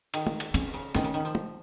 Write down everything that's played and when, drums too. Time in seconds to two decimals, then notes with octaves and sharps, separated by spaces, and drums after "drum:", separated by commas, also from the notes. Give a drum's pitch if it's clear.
0.14 D#3, drum: cymbal
0.27 drum: tom
0.40 drum: cymbal
0.54 C#4, drum: cymbal
0.74 C#3
0.95 D#3 C#4, drum: snare
1.04 C#3
1.14 D#3
1.25 F3
1.35 drum: tom